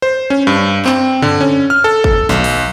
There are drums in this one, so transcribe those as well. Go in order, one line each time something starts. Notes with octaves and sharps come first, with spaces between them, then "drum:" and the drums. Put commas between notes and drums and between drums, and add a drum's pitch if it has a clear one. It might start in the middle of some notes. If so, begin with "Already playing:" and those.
C5
C#4
G2
C4, drum: clap
D3, drum: tom
C#4
F6
A4
drum: kick
B1, drum: snare
drum: open hi-hat